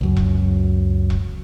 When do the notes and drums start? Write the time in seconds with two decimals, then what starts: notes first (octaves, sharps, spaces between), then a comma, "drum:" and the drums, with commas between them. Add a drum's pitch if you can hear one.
0.01 C#2 F#2 F#3
0.17 drum: kick E1
1.10 drum: kick E1